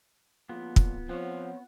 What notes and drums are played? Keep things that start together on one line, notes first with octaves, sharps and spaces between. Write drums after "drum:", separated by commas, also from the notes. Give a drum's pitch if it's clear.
F2 A#2 B3 F4
drum: kick
F3 C4 C#5 F#5